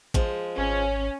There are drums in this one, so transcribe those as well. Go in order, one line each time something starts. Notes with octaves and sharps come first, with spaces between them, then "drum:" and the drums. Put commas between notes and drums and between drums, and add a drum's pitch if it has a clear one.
F3 G#3, drum: kick
G#1 C#4